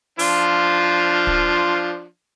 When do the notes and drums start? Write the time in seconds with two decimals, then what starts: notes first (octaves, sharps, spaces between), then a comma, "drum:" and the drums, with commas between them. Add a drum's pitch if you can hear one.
0.19 F3 D4 F4, drum: open hi-hat
1.27 drum: kick